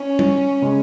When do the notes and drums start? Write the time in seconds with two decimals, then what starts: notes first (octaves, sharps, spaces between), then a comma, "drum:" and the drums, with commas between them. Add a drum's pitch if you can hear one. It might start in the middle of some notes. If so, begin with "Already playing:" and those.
Already playing: C#4
0.19 drum: tom
0.62 C#3 G#3